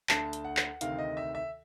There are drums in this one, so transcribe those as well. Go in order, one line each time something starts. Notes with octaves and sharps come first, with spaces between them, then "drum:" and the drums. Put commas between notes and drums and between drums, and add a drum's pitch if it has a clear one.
D2 D3 A5, drum: clap
drum: hi-hat
F#5
drum: clap
D2 C3 D#3 F5, drum: hi-hat
D#5
E5
E5